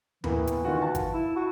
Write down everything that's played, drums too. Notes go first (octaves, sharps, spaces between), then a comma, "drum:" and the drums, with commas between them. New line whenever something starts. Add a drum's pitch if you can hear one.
A2 E3 A#3 B3, drum: tom D#2
drum: hi-hat
D#3 F4 F#4
F5 A5
drum: kick, hi-hat
E4
F#4